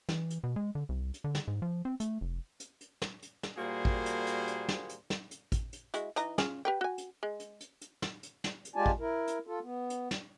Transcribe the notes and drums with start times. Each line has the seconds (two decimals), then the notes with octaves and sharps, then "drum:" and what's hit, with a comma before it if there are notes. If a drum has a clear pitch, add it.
0.09 E3, drum: snare
0.30 drum: hi-hat
0.44 B2
0.56 G#3
0.75 D3
0.89 C2
1.14 drum: hi-hat
1.24 D3
1.35 drum: snare
1.48 G#2
1.62 F3
1.85 C4
2.00 A3, drum: hi-hat
2.21 F1
2.60 drum: hi-hat
2.81 drum: hi-hat
3.02 drum: snare
3.22 drum: hi-hat
3.43 drum: snare
3.58 A#2 G3 A#3 F#4 G#4 C5
3.85 drum: kick
4.06 drum: hi-hat
4.27 drum: hi-hat
4.48 drum: hi-hat
4.69 drum: snare
4.89 drum: hi-hat
5.10 drum: snare
5.31 drum: hi-hat
5.52 drum: kick, hi-hat
5.73 drum: hi-hat
5.94 G#3 E4 F#4, drum: hi-hat
6.16 E3 D#4 A#5, drum: hi-hat
6.38 C#4 F4 G#4, drum: snare
6.65 G4 B4 G5
6.81 F#4 G#5
6.98 drum: hi-hat
7.23 G#3
7.40 drum: hi-hat
7.61 drum: hi-hat
7.81 drum: hi-hat
8.02 drum: snare
8.23 drum: hi-hat
8.44 drum: snare
8.65 drum: hi-hat
8.76 G#3 F4 G4 D5 G#5 A5
8.86 drum: kick
9.00 E4 A#4
9.27 drum: hi-hat
9.47 F4 A4
9.62 B3
9.90 drum: hi-hat
10.11 drum: snare